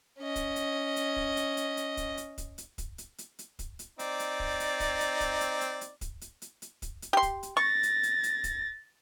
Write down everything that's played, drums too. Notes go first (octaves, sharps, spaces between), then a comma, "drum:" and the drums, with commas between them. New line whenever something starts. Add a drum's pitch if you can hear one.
C#4 D#5
drum: kick, hi-hat
drum: hi-hat
drum: hi-hat
drum: kick
drum: hi-hat
drum: hi-hat
drum: hi-hat
drum: kick, hi-hat
drum: hi-hat
drum: kick, hi-hat
drum: hi-hat
drum: kick, hi-hat
drum: hi-hat
drum: hi-hat
drum: hi-hat
drum: kick, hi-hat
drum: hi-hat
C4 D#4 D5, drum: hi-hat
drum: hi-hat
drum: kick
drum: hi-hat
drum: kick, hi-hat
drum: hi-hat
drum: kick, hi-hat
drum: hi-hat
drum: hi-hat
drum: hi-hat
drum: kick, hi-hat
drum: hi-hat
drum: hi-hat
drum: hi-hat
drum: kick, hi-hat
drum: hi-hat
G4 C6
drum: kick, hi-hat
drum: hi-hat
C#6 A6 A#6
drum: hi-hat
drum: hi-hat
drum: hi-hat
drum: kick, hi-hat